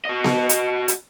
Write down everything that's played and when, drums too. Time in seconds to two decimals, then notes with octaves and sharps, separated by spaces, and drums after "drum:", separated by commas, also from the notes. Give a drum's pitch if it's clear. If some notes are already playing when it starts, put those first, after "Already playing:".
0.05 F#4 D#5
0.24 drum: snare B3
0.49 drum: hi-hat
0.88 drum: hi-hat